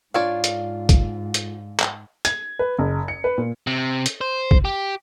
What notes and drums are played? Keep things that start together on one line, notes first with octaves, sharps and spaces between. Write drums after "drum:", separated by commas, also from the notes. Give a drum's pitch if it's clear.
G#2 D4 F4 C#5 D5 F5
drum: hi-hat
drum: kick, hi-hat
drum: hi-hat
drum: clap
G#6, drum: hi-hat
B4
F#1
C#7
B4
A#2
C3
drum: hi-hat
C5
drum: kick
G4